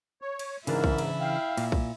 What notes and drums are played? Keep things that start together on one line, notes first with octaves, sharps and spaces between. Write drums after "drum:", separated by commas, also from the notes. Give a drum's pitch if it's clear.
C#5
drum: cymbal
G#2 C#3 E3 D4 E4 A#4, drum: cymbal
drum: kick B1
drum: cymbal
F5 G5
A#2, drum: cymbal
drum: kick B1